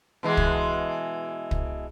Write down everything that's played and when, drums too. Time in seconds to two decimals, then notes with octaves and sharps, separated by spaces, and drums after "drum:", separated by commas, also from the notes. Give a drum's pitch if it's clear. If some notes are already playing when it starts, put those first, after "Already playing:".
0.23 B2 E3 G#3
0.37 drum: kick
1.51 drum: kick